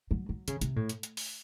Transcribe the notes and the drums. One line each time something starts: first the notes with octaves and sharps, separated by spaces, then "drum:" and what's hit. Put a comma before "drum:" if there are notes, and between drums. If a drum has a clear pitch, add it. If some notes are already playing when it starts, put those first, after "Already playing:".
F#3
F#3
C#3, drum: hi-hat
C3, drum: hi-hat
A2
drum: hi-hat
drum: hi-hat
drum: open hi-hat